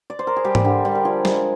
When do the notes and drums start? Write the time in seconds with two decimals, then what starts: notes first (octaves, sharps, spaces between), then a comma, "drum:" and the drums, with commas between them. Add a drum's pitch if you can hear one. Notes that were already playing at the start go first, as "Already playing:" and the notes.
0.10 D5
0.19 C5
0.27 A#4
0.36 G#4
0.44 G3 G4
0.55 drum: tom G#2
0.64 D3 G4
0.85 G3 G4
0.95 A#4
1.05 F3 G#4
1.25 G#3, drum: snare